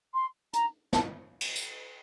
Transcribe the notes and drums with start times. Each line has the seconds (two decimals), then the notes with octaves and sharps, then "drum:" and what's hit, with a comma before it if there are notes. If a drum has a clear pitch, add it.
0.14 C6
0.53 A#5, drum: hi-hat
0.93 A5, drum: snare
1.41 drum: cymbal
1.56 drum: tambourine